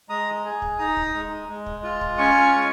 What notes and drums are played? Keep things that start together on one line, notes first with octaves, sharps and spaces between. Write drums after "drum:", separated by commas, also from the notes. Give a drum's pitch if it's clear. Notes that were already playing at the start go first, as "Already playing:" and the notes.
G#3 A#5 D#6
G#4
drum: kick
D#4 A#5 D#6
drum: kick
G#3
G#3
drum: kick
F4
drum: kick
C#4 G#5 C#6
G#3